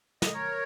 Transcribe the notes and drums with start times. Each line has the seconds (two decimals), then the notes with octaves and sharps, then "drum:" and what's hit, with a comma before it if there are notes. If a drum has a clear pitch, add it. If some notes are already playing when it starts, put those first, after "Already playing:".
0.22 D#5, drum: snare
0.34 A#4 C#5